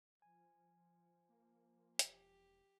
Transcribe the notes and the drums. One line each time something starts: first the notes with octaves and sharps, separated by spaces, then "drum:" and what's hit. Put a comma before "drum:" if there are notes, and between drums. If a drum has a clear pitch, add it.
F3 G#5
A#3
E1 G4, drum: hi-hat